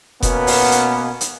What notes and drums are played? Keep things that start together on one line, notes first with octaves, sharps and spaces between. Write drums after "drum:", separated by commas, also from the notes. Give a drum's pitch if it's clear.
B2 A#3 B3 C#4, drum: kick F1, hi-hat
drum: open hi-hat
drum: hi-hat
drum: hi-hat